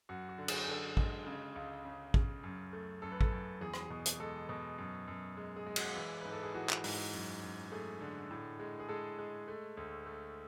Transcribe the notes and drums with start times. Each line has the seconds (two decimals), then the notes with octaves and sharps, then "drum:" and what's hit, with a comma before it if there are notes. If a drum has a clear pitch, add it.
0.09 F#2 F#4
0.29 F#4
0.38 D3
0.48 G#4, drum: cymbal
0.68 D3 A4
0.97 G#3, drum: kick A1
1.26 C#3
1.56 C#2
1.85 C#3
2.14 C#3, drum: kick A1
2.43 F#2
2.73 A3
3.02 F#2 A4
3.12 B4
3.21 A4, drum: kick A1
3.32 F#2
3.61 E2 G#4
3.74 drum: rim click
3.90 B2
4.06 drum: hi-hat
4.20 G#3 A4
4.49 B2
4.78 F#2
5.08 F#2
5.37 G#3
5.56 G#4
5.66 G#3
5.76 F#4, drum: cymbal
5.96 E3 E4
6.21 G#2 B4
6.32 A4
6.43 G#4
6.54 E3 F#4
6.69 drum: clap
6.84 G#2, drum: open hi-hat
7.13 F#2
7.43 F#2
7.72 A3 G#4
8.01 D3
8.31 A2
8.60 G#3
8.80 G#4
8.89 G#3 A4
9.19 G#3
9.48 A3
9.77 D2
10.06 A3